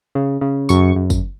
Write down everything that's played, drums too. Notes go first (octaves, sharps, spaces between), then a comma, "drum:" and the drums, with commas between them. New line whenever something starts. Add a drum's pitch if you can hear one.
C#3
C#3
F#2 C#6, drum: tambourine
F#2
drum: kick, tambourine